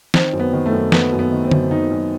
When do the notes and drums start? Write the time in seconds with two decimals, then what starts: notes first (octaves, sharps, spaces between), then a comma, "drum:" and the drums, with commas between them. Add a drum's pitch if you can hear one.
0.14 D#3 C4, drum: snare
0.33 F#2
0.39 B3
0.53 D#3
0.66 A3
0.72 F#2
0.92 D#3 B3, drum: snare
1.12 F#2
1.19 B3
1.32 D#3
1.44 C4
1.51 F#2, drum: tom D3
1.71 D#3 D#4
1.91 F#2